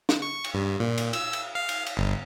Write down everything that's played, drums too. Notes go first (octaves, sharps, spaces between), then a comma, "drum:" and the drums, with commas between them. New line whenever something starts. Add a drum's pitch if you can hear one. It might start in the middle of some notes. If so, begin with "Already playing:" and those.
drum: snare
C#6
drum: cymbal
G2
A#2
drum: cymbal
E6, drum: cymbal
drum: cymbal
F5
drum: cymbal
drum: cymbal
G1